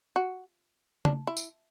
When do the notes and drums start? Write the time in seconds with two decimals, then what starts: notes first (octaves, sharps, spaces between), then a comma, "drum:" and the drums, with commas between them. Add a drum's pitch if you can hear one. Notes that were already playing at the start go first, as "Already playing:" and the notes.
0.16 F#4
1.05 D4, drum: tom C#3
1.27 E4
1.37 drum: tambourine